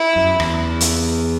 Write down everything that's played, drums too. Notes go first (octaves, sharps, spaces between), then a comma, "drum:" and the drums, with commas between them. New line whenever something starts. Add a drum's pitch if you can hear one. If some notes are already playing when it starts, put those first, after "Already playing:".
Already playing: E4
F#2
E2, drum: rim click
drum: hi-hat